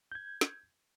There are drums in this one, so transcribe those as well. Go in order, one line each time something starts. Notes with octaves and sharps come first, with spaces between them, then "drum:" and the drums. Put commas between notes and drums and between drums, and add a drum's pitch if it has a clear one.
G6 G#6
drum: snare